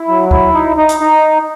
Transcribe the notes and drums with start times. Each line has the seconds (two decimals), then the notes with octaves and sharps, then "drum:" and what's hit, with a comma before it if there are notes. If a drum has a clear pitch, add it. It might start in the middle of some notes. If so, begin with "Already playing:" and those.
Already playing: E4
0.08 F#3
0.31 E4, drum: kick C2
0.54 D#4
0.77 D#4
0.89 drum: hi-hat
1.00 D#4